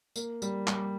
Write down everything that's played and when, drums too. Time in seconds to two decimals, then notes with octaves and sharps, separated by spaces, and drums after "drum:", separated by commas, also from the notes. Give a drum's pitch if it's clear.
0.16 A#3, drum: tambourine
0.42 G3, drum: tambourine
0.67 G3, drum: clap